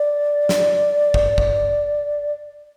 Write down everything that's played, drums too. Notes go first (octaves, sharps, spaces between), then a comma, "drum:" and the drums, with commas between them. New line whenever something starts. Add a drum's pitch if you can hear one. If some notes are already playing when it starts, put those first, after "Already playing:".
Already playing: D5
drum: snare
drum: kick
drum: kick